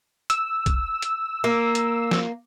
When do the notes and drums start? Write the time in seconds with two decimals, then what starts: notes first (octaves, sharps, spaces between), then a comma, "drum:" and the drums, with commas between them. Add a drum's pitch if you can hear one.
0.30 E6, drum: hi-hat
0.66 drum: kick B1, hi-hat
1.02 drum: hi-hat
1.44 A#3
1.75 drum: hi-hat
2.11 drum: snare